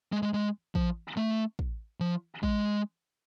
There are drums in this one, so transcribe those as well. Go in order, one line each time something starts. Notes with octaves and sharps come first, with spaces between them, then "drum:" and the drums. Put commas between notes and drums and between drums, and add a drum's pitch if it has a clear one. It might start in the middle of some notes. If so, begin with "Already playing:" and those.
G#3
G#3
G#3
F3, drum: kick
A3
drum: kick
F3
G#3, drum: kick